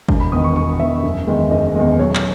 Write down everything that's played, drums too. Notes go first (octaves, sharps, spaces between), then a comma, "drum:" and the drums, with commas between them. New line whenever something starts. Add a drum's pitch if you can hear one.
E1, drum: kick G1
B5
E2 D#3 D#6
C#6
E1 C#6
E2 D#3 E5
F#1
E2 D#3 G#3
F#1 D#5
E2 D#3 G#3
B1 C#5
drum: clap